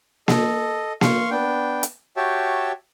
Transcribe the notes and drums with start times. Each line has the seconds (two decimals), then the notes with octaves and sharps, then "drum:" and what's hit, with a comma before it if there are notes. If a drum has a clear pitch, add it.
0.28 A4 D#5, drum: snare A#3
1.01 F5 C6 C#6, drum: snare A#3
1.31 B3 D4 G5
1.83 drum: hi-hat
2.17 F#4 G4 C#5 E5 G5 A5